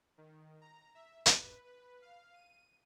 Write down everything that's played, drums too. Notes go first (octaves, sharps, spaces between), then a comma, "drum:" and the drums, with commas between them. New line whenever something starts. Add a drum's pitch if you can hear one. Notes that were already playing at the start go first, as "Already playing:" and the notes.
D#3
A#5
E5
B4, drum: hi-hat
B4
F5
D#7